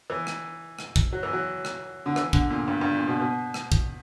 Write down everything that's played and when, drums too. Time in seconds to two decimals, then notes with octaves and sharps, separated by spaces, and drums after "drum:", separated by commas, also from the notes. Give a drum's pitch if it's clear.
0.10 E3
0.27 drum: rim click
0.79 drum: rim click
0.96 drum: kick
1.13 F#3
1.23 E3
1.33 F#3
1.65 drum: rim click
2.06 D3
2.16 E3, drum: rim click
2.33 D3, drum: kick
2.50 A#2
2.68 G2
2.81 G2
2.95 A#2
3.08 B2
3.20 B2
3.54 drum: rim click
3.72 drum: kick